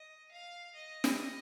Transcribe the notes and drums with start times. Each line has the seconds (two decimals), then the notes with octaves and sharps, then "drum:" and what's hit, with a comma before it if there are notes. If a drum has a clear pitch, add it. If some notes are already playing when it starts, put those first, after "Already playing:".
Already playing: D#5
0.31 F5
0.75 D#5
1.04 drum: snare